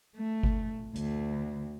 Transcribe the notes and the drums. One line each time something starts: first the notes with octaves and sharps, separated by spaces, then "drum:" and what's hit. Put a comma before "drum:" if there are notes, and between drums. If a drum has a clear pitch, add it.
A3
drum: kick G1
D2, drum: hi-hat